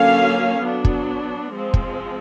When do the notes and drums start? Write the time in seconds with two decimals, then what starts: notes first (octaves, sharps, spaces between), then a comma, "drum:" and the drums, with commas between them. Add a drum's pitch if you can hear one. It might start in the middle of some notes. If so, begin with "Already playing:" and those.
Already playing: D3 F#3 A#3 C#4 F5
0.62 F#3 B3 D4
0.85 drum: kick
1.52 F3 G#3 C4
1.74 drum: kick